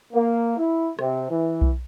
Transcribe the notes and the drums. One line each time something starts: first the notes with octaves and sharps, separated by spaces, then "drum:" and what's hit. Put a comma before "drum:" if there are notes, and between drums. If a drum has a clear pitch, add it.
A#3
E4
C3, drum: rim click
E3
drum: kick B1